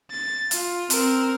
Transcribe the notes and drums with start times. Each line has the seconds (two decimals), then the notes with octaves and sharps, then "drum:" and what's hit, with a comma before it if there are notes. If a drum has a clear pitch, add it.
0.11 A6
0.51 F4, drum: hi-hat
0.90 C4 A#4, drum: hi-hat